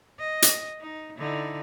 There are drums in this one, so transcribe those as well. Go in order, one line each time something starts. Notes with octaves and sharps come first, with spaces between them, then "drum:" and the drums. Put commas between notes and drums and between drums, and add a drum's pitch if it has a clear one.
D#5
drum: hi-hat
D#4
D3 D#4 E4